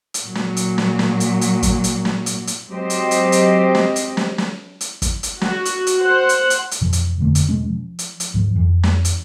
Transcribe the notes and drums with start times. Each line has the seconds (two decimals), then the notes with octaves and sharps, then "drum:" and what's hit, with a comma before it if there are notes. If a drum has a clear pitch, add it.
0.14 drum: hi-hat
0.24 A#2 F#3
0.35 drum: snare
0.57 drum: hi-hat
0.78 drum: snare
0.99 drum: snare
1.20 drum: hi-hat
1.41 drum: hi-hat
1.63 drum: kick, hi-hat
1.84 drum: hi-hat
2.05 drum: snare
2.26 drum: hi-hat
2.47 drum: hi-hat
2.69 F#3 G#3 C4 G4 C5 D#5
2.90 drum: hi-hat
3.11 drum: hi-hat
3.32 drum: hi-hat
3.75 drum: snare
3.96 drum: hi-hat
4.17 drum: snare
4.38 drum: snare
4.81 drum: hi-hat
5.02 drum: kick, hi-hat
5.23 drum: hi-hat
5.41 F#4, drum: snare
5.65 drum: hi-hat
5.87 drum: hi-hat
6.01 C5 F#5
6.29 drum: hi-hat
6.50 drum: hi-hat
6.71 drum: hi-hat
6.81 F2 B2 E3 F3
6.93 drum: hi-hat
7.19 D#1 F2 D3 A3
7.35 drum: hi-hat
7.49 E2 B2 G#3 C#4
7.70 F3
7.99 drum: hi-hat
8.20 drum: hi-hat
8.34 D2 G#2 F3
8.56 F2 E3
8.83 drum: snare
9.05 drum: hi-hat